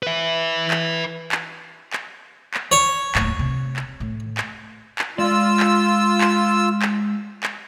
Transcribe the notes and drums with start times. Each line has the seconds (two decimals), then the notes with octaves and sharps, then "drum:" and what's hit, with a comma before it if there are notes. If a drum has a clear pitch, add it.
0.03 B4 E5
0.71 drum: clap
1.32 drum: clap
1.93 drum: clap
2.54 drum: clap
2.72 C#5
3.15 D#1 A2, drum: clap
3.39 C3
3.76 drum: clap
4.00 A2
4.37 drum: clap
4.99 drum: clap
5.18 G#3 F4 D5 E6
5.60 drum: clap
6.21 drum: clap
6.82 drum: clap
7.43 drum: clap